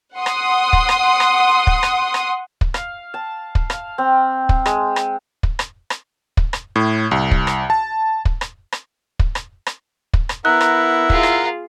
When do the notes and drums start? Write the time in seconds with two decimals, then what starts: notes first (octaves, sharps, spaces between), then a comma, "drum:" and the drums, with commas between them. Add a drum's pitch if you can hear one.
0.17 F#5 C6 D#6
0.26 drum: rim click
0.73 drum: kick
0.89 drum: rim click
1.20 drum: rim click
1.67 drum: kick
1.83 drum: rim click
2.14 drum: rim click
2.61 drum: kick
2.74 F5, drum: rim click
3.14 A5
3.55 drum: kick
3.70 F5, drum: rim click
3.98 C4
4.49 drum: kick
4.66 G#3, drum: rim click
4.96 drum: rim click
5.43 drum: kick
5.59 drum: rim click
5.90 drum: rim click
6.37 drum: kick
6.53 drum: rim click
6.76 A2
7.11 C2
7.31 drum: kick
7.47 drum: rim click
7.70 A5
8.25 drum: kick
8.41 drum: rim click
8.72 drum: rim click
9.19 drum: kick
9.35 drum: rim click
9.66 drum: rim click
10.14 drum: kick
10.29 drum: rim click
10.45 B3 E4 A#4 F#5 A#5 F#6
10.61 drum: rim click
11.10 F4 G#4, drum: kick
11.23 drum: rim click